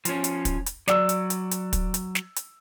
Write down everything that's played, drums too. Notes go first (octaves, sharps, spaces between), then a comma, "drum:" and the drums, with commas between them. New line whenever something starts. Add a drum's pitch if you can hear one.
F3 C#4, drum: hi-hat
drum: hi-hat
drum: kick, hi-hat
drum: hi-hat
F#3 D5 E6, drum: snare
drum: hi-hat
drum: hi-hat
drum: hi-hat
drum: kick, hi-hat
drum: hi-hat
drum: snare
drum: hi-hat